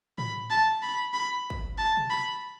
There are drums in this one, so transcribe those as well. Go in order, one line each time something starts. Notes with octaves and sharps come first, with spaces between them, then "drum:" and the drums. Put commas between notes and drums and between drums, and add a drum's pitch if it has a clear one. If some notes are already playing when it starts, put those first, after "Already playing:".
B5, drum: tom A2
A5
B5
B5
drum: kick
A5
drum: tom B2
B5